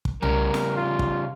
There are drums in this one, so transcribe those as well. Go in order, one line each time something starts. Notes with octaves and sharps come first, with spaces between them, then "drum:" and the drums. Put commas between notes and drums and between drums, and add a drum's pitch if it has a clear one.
drum: kick
C#3 G3 A#4, drum: tom C2
drum: snare
F4
drum: kick